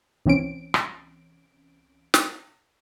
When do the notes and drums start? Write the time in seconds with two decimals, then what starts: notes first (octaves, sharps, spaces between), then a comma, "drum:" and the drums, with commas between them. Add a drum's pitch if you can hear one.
0.26 C2 E3 C4 C#4 D7
0.74 drum: rim click
2.14 drum: snare